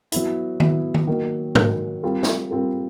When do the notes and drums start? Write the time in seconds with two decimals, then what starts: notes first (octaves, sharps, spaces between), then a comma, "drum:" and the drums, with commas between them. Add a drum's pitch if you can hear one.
0.12 F#3 B3 E4, drum: hi-hat
0.60 F#3 B3 E4, drum: tom D#3
0.94 drum: tom D#3
1.07 D#3 F#3 A#3
1.55 D#3 F#3 A#3, drum: tom G#2
2.03 G3 C4 F4 A#4
2.23 drum: snare
2.51 G3 C4 F4 A#4